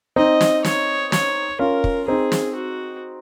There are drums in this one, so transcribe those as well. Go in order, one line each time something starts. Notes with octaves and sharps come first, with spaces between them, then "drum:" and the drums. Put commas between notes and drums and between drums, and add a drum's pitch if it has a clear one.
C4 D#4 D#5
drum: snare
C#5, drum: snare
C#5, drum: snare
C#4 F4 A#4
drum: kick
C4 D#4 G#4
drum: snare
F#4